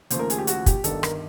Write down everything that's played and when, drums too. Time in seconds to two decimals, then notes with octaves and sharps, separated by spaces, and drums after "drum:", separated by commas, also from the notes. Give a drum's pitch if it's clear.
0.10 D#2 C#3 F3 A3 C5, drum: hi-hat
0.19 A#4
0.30 G#4, drum: hi-hat
0.38 G4
0.47 F#4, drum: hi-hat
0.66 G4, drum: kick, hi-hat
0.84 G1 G2 D#3 A4, drum: hi-hat
1.03 A#4, drum: rim click